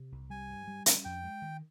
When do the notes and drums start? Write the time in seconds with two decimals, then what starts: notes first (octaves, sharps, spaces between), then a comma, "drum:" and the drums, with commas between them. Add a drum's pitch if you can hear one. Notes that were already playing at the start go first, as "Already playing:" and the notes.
Already playing: C3
0.12 C2
0.30 G3 G#5
0.49 G2
0.68 G3
0.86 C#4, drum: hi-hat
1.05 F2 G5
1.24 G#3
1.42 D#3